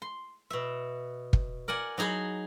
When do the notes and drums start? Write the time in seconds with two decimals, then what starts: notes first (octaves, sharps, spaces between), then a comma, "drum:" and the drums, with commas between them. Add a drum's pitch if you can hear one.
0.02 C6
0.50 B2 E5
1.33 drum: kick
1.68 A#4 D5 F#5 G#5
1.98 F#3 D#4 G#4 A5 B5